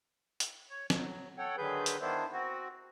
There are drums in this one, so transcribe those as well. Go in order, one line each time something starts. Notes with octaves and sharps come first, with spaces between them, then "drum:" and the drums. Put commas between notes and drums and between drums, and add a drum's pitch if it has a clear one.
drum: hi-hat
C#5
F#3, drum: snare
A4 C#5 F#5 G5
D3 D#3 F#3 G#4 B4 G6
drum: hi-hat
D#3 B3 D4 E4 C5
C4 F#4